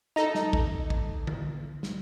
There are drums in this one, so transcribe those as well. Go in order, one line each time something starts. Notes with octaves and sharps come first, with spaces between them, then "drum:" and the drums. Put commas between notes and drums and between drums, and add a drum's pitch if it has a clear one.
D#4 A4 A#5 A#6
drum: snare
drum: kick
drum: kick
drum: tom
drum: snare